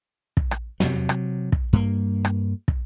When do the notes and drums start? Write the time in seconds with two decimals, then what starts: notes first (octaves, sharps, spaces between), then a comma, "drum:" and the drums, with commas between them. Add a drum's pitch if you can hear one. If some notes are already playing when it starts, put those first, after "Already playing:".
0.37 drum: kick
0.51 drum: rim click
0.80 C3 F#3, drum: tom
1.09 drum: rim click
1.52 drum: kick
1.73 G2 A#3
2.25 drum: rim click
2.68 drum: kick